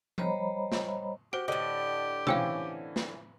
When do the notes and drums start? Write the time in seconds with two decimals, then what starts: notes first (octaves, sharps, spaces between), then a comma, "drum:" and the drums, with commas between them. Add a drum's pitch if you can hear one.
0.18 G3 C5 C#5 D#5 A#5 B5, drum: tom F3
0.72 drum: snare
1.33 F#4 G4 C5 D7
1.48 A2 D3 G4 D#5
2.27 E3 C4 C#4 F5 G5 E6, drum: tom B2
2.96 drum: snare